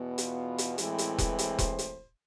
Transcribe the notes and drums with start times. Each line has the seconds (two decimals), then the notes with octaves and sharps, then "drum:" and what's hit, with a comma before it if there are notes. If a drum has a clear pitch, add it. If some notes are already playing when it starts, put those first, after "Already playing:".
Already playing: E2 B2 B3
0.18 F4, drum: hi-hat
0.58 drum: hi-hat
0.78 A2 E3 G#3 C4 B4, drum: hi-hat
0.98 drum: hi-hat
1.18 drum: kick E1, hi-hat
1.39 C5, drum: hi-hat
1.58 drum: kick E1, hi-hat
1.79 drum: hi-hat